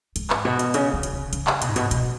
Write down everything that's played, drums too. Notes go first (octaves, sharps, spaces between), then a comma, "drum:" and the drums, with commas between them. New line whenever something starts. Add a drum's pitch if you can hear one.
G#2, drum: hi-hat
drum: clap
B2
drum: hi-hat
C#3, drum: hi-hat
C#3
drum: hi-hat
C#3
C#3, drum: hi-hat
drum: clap
B2, drum: hi-hat
G#2
B2, drum: hi-hat
B2, drum: hi-hat